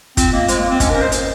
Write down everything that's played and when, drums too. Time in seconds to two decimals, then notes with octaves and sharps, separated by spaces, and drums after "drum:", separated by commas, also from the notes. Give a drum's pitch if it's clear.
0.17 C4 F4, drum: kick, hi-hat
0.33 A#3 D#5
0.48 G#3 C5, drum: hi-hat
0.59 A#3
0.64 D#5
0.70 C4
0.80 C#4 D#5, drum: kick, hi-hat
0.91 A#4
0.96 C#4
1.01 C5
1.12 D#5, drum: hi-hat